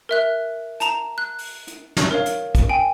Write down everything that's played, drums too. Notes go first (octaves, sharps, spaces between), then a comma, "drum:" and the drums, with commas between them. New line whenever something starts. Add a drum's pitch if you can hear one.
A#4 E5 F#6
A5 A#5 E7, drum: hi-hat
F#6
drum: open hi-hat
drum: hi-hat
drum: snare
A#4 C#5 F5
drum: hi-hat
drum: kick, hi-hat
G5 G#5